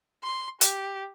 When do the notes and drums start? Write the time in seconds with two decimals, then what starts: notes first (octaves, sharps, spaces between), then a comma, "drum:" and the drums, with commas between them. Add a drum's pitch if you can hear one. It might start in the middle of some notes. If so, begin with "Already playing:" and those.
0.24 C6
0.61 G4, drum: hi-hat